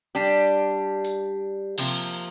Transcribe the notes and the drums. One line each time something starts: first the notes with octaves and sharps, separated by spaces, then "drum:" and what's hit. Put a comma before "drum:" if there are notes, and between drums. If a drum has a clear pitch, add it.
G3 D4 G4
drum: open hi-hat
C3 F3 A#3, drum: cymbal